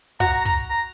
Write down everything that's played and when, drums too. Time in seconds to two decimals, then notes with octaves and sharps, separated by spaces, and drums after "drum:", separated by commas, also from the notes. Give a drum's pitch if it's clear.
0.20 F#4 A#5, drum: kick, hi-hat
0.33 A#5
0.45 A#5, drum: kick, hi-hat
0.70 A#5